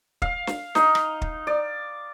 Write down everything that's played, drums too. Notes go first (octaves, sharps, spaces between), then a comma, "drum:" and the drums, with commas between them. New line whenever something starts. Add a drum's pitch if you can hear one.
F5, drum: kick
drum: snare
D#4, drum: snare
drum: rim click
drum: kick
D5